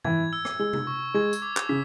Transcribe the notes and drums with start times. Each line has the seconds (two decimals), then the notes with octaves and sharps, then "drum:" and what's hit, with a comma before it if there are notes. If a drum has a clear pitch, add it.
0.04 E3 G#6, drum: tom
0.33 E6
0.45 drum: rim click
0.59 G#3 E6
0.73 drum: tom
0.87 C#6
1.14 G#3 G#6
1.33 drum: tambourine
1.42 D6
1.57 drum: clap
1.69 C#3 B6